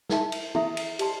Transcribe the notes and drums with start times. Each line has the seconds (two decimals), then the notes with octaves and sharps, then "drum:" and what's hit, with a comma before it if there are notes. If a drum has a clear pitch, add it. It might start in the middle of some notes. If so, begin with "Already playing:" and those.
0.10 E4 A#4 E5 A5 C6, drum: snare
0.32 drum: cymbal
0.55 E4 A4 E5, drum: tom
0.77 drum: cymbal
0.99 G4 D5 A5 C6, drum: cymbal